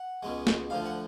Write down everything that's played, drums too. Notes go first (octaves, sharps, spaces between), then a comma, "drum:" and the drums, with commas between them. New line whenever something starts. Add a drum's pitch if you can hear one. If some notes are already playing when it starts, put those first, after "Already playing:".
Already playing: F#5
C#2 B2 G#3
drum: snare
D2 D3 F3 F5
F#5